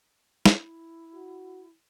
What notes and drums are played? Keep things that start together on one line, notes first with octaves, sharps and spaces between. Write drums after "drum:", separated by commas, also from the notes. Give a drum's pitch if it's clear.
E4, drum: snare
F#4